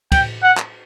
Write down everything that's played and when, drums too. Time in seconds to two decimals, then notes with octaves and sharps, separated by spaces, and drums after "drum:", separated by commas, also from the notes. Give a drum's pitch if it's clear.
0.12 G5, drum: kick, cymbal
0.43 F#5
0.58 drum: clap